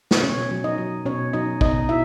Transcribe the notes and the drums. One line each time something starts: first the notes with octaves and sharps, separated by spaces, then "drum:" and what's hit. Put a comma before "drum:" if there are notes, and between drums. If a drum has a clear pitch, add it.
drum: snare
B2 C#4 C#5
F#3
D#4 D#5
F#3
B2 C#4 C#5
F#3 D#4 D#5
B2 D#4 D#5, drum: kick
B2 E4 E5